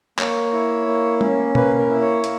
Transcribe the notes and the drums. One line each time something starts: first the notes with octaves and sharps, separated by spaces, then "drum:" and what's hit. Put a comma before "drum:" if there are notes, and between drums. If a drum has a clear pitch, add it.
A#3 C#5, drum: clap
E4
A#3
C#4, drum: tom
A#3 B4, drum: tom
A#4
E4
C#5
A#3, drum: hi-hat